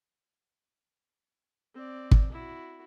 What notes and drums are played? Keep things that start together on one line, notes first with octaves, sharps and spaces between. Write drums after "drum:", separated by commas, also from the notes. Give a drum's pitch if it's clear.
C4 D5
drum: kick
E4 F#4